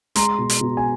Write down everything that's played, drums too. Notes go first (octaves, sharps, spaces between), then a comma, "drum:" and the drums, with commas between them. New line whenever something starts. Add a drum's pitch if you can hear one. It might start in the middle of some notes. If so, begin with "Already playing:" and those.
G#3 A#5 C6, drum: hi-hat
B2
drum: hi-hat
B2
G#5